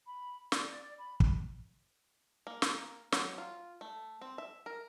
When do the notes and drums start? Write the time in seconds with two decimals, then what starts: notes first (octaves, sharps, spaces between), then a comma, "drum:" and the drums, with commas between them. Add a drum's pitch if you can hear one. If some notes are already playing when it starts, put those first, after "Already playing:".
0.06 B5
0.52 D5, drum: snare
0.98 B5
1.20 drum: kick
2.47 A#3
2.62 drum: snare
3.12 F#3, drum: snare
3.38 F4
3.81 A3
4.21 C4
4.38 E5
4.66 A#4